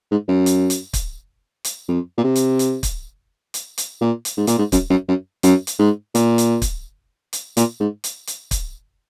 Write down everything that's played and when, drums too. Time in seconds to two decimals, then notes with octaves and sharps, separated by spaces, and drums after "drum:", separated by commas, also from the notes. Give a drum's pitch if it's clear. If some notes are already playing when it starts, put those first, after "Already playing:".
0.11 G#2
0.28 F#2
0.46 drum: hi-hat
0.70 drum: hi-hat
0.93 drum: kick, hi-hat
1.65 drum: hi-hat
1.89 F2
2.17 A#2
2.24 C3
2.36 drum: hi-hat
2.59 drum: hi-hat
2.83 drum: kick, hi-hat
3.54 drum: hi-hat
3.78 drum: hi-hat
4.01 A#2
4.25 drum: hi-hat
4.37 G#2
4.47 A#2, drum: hi-hat
4.58 G#2
4.72 F#2, drum: kick, hi-hat
4.90 F#2
5.08 F#2
5.43 F#2, drum: hi-hat
5.67 drum: hi-hat
5.79 G#2
6.15 A#2, drum: hi-hat
6.38 drum: hi-hat
6.62 drum: kick, hi-hat
7.33 drum: hi-hat
7.57 A#2, drum: hi-hat
7.80 G#2
8.04 drum: hi-hat
8.27 drum: hi-hat
8.51 drum: kick, hi-hat